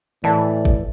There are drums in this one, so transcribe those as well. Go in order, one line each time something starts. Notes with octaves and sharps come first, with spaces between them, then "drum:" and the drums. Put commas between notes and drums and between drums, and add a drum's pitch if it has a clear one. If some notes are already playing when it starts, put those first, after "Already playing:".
A2 E3 D5 E5 A5
drum: kick